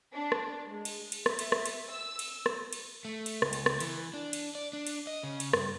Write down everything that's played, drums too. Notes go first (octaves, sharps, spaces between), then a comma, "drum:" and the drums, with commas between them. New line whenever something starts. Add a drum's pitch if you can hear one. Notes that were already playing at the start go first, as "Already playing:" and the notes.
D4
drum: rim click
G#3
drum: cymbal
drum: cymbal
E5, drum: rim click
drum: cymbal
drum: rim click
drum: cymbal
E6
drum: cymbal
drum: rim click
drum: cymbal
A3
drum: cymbal
C#2, drum: rim click
drum: cymbal
drum: rim click
E3, drum: cymbal
D4
drum: cymbal
D5
D4
drum: cymbal
D#5
C#3
drum: cymbal
G2, drum: rim click